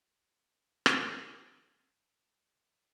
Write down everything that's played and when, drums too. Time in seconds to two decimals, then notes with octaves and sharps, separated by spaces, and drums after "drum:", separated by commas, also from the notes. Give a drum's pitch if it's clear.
0.86 drum: rim click
1.02 G#4 B4 C5